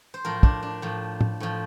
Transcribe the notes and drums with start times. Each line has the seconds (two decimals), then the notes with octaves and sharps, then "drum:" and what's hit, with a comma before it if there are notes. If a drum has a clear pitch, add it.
0.14 C5
0.25 A2 F3 A#4
0.43 D4, drum: kick
0.63 D4
0.82 A2 F3
1.21 drum: tom A2
1.40 A2 F3